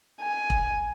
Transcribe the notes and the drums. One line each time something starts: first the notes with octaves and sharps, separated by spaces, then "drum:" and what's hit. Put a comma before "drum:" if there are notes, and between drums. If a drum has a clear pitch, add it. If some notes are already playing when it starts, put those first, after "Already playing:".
G#5
drum: kick E1